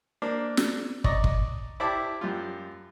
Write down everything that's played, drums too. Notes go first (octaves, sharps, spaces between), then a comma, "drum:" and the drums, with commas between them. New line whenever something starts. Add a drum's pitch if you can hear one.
A#3 D4 C5
drum: snare
D5 D#5 A#5 C#6, drum: kick
drum: kick
E4 G4 C5 D5 A5 D6
F#2 G3 F4